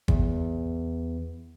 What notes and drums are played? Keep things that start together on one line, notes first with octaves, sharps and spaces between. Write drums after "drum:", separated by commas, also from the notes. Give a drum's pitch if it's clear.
E2, drum: kick